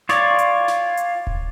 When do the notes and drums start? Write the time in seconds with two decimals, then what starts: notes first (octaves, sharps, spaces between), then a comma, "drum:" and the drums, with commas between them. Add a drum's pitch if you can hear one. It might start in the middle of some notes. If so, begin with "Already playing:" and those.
0.09 F4 C#5 D5, drum: snare
0.39 drum: hi-hat
0.68 drum: snare
0.97 drum: hi-hat
1.27 drum: kick D1